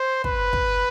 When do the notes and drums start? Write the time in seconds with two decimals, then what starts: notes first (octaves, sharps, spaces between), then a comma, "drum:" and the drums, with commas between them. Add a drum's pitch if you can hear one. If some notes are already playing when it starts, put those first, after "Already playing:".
Already playing: C5
0.24 B4, drum: kick
0.53 drum: kick